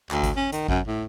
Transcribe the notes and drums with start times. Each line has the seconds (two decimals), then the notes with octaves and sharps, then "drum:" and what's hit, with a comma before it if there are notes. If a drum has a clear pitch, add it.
0.11 D2, drum: clap
0.23 drum: kick G#1, hi-hat
0.36 C#4
0.52 D#3, drum: hi-hat
0.68 F#2, drum: kick G#1
0.87 A2